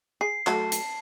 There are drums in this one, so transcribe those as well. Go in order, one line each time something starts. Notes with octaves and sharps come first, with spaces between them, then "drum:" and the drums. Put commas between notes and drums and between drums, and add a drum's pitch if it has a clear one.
G#4 C7
F#3 A3 A4 A5, drum: clap
drum: hi-hat